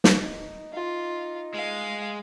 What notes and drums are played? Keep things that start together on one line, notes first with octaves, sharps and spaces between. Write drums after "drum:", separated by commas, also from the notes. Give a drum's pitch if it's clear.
drum: snare
D#4
D#4 F4
G#3 F5